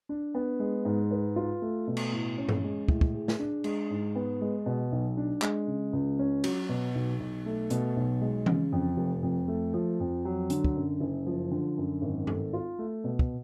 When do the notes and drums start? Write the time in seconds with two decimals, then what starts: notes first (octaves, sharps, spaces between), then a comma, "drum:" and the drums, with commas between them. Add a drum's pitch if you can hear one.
0.09 D4
0.35 B3
0.59 G#3
0.85 G#2
1.11 B4
1.36 F4
1.62 A3
1.87 B2
1.97 drum: cymbal
2.12 A2
2.38 C#4
2.49 drum: tom G2
2.64 G#3
2.88 A2, drum: kick
3.01 drum: kick
3.14 G#4
3.28 drum: snare
3.39 D4
3.64 G#3, drum: cymbal
3.90 G#2
4.15 B3
4.41 G#3
4.66 B2
4.92 B1
5.17 D4
5.42 G#3, drum: clap
5.67 C#3
5.93 C#2
6.19 C#4
6.44 F#3, drum: cymbal
6.69 B2
6.95 B1
7.20 B1
7.46 A3
7.70 B2, drum: hi-hat
7.97 B1
8.21 G#3
8.46 C#3, drum: tom E3
8.72 F2
8.97 F1
9.23 F2
9.48 A3
9.74 F3
10.00 F2
10.25 F#3
10.50 D3, drum: hi-hat
10.64 drum: kick
10.76 F#2
11.00 F#1
11.26 F3
11.51 D3
11.77 F#2
12.02 G#1
12.27 A4, drum: tom G2
12.53 F4
12.79 A3
13.04 B2
13.19 drum: kick